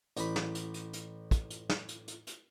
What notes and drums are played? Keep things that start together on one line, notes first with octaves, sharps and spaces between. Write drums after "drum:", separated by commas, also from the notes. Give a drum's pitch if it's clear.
A1 B5, drum: hi-hat
drum: snare
drum: hi-hat
drum: hi-hat
drum: hi-hat
drum: kick, hi-hat
drum: hi-hat
drum: snare
drum: hi-hat
drum: hi-hat
drum: hi-hat